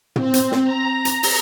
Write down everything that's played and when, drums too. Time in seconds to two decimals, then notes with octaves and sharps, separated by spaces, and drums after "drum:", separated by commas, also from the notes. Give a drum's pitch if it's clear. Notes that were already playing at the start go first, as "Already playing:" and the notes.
0.16 C4, drum: tom
0.34 drum: hi-hat
0.51 drum: snare
0.64 A#5
1.05 drum: hi-hat
1.23 drum: open hi-hat